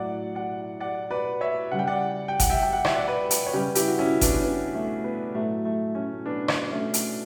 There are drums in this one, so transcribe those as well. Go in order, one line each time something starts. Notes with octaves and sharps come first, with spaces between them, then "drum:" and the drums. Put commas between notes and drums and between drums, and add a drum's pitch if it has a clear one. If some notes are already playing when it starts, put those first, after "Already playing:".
Already playing: A2 F#3 D5 F#5
D5 F#5
D5 F#5
B4 D5
C#5 E5
C#3 G3 F#5
G5
D5 F#5
G5
F#5, drum: kick G1, hi-hat
E5 G5
G5
F#5
E5, drum: rim click
D5 F#5
B4 D5
drum: hi-hat
C#5
C#3 G3 G4 B4
E4 G4, drum: hi-hat
F#4
C#4 E4
B3 D4, drum: kick G1, hi-hat
C#4
B3
A3
B3
A2 F#3 A3
A3
A3 C#4
B3 D4
drum: rim click
A3 C#4
drum: hi-hat